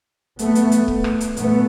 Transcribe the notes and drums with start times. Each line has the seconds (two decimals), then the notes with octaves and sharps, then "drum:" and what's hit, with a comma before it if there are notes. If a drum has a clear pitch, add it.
0.39 A3 B3, drum: hi-hat
0.55 drum: hi-hat
0.72 drum: hi-hat
0.88 drum: kick C#1
1.04 drum: rim click
1.21 drum: hi-hat
1.37 A#2 A3 B3, drum: hi-hat